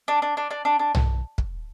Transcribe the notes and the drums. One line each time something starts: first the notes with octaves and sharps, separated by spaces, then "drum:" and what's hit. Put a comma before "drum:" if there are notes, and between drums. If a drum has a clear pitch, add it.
D4
D4
D4
D4
D4
D4
drum: tom B1
drum: kick